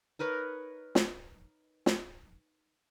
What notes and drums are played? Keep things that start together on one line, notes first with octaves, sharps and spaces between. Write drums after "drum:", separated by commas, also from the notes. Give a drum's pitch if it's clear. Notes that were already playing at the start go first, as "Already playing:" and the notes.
D#4 A#4 B4 C#5
drum: snare
drum: snare